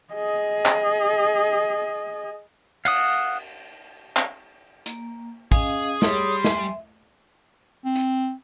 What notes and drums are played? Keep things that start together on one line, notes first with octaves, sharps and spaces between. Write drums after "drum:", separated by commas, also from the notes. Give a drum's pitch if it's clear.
G#4 D#5
drum: clap
F5 F#5 D#6, drum: cymbal
drum: clap
A#3, drum: hi-hat
C#4 G#4 D#5 F5 D#6, drum: kick
G3 G#4 C#5 C6, drum: snare
E5 G#5, drum: snare
C4
drum: hi-hat